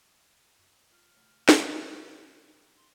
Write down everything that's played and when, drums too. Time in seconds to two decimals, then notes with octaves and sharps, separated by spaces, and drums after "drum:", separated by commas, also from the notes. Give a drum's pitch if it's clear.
0.58 F#2
0.92 F4 F6
1.16 C#3 F#3 A3
1.49 G1 D#2, drum: snare
2.77 C6